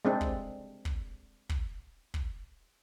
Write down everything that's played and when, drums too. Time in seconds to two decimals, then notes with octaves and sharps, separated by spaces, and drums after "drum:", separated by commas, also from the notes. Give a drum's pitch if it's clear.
0.05 G#3 C4 D4
0.21 drum: kick
0.85 drum: kick
1.49 drum: kick
2.14 drum: kick